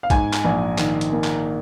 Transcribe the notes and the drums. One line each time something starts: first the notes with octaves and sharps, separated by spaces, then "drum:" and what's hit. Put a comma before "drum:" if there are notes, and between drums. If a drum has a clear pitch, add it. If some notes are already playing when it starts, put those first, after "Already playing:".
F5
G#2 G#5, drum: kick B1, hi-hat
drum: clap
A#1
D#3, drum: clap
drum: hi-hat
A#3
drum: clap